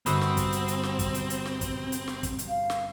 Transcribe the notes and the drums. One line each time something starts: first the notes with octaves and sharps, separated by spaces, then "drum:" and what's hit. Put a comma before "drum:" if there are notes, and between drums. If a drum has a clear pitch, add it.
G1 C4 F#4 B5 D#6 E6 E7, drum: hi-hat
drum: snare
drum: kick, hi-hat
drum: hi-hat
drum: hi-hat
drum: snare
drum: kick, hi-hat
drum: hi-hat
drum: hi-hat
drum: snare
drum: kick, hi-hat
drum: hi-hat
drum: snare
drum: kick, hi-hat
drum: hi-hat
F5
drum: snare